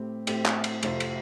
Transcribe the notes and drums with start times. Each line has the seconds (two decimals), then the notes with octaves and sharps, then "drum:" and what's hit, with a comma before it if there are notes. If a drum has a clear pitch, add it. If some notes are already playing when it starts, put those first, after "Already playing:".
Already playing: A2 A3 C4 G4
0.27 A2 A3 C4 G4, drum: cymbal
0.46 drum: clap
0.64 drum: cymbal
0.83 F2 C3 A3 F4 C5, drum: cymbal
1.00 drum: cymbal